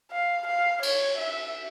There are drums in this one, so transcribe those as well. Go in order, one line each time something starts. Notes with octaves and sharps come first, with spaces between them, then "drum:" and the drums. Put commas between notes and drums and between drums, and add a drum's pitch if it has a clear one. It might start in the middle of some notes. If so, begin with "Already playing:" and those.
F5
F5
C#5, drum: cymbal
E5